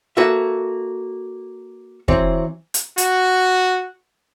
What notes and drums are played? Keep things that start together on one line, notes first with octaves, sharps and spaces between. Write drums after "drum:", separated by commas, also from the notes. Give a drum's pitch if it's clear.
A#3 F#4 A4 B4 E5
E3 F#3 C4, drum: kick
drum: hi-hat
F#4, drum: hi-hat